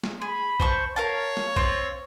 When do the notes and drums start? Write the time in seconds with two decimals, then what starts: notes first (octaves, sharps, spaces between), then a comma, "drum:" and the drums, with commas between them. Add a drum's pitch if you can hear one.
0.04 drum: snare A3
0.22 G#4 B5
0.60 C5 A5 C#6, drum: kick A#1
0.96 A#4 C#5 F5 A5
1.37 drum: snare A3
1.56 C4 F4, drum: kick A#1